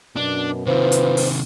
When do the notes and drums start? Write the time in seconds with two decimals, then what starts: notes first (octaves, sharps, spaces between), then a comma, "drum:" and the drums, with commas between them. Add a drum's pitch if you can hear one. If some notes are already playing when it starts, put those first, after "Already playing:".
0.16 F#2 B2 D4
0.66 C3 D#3 E4 F4 B4 C5
0.92 drum: hi-hat
1.17 drum: open hi-hat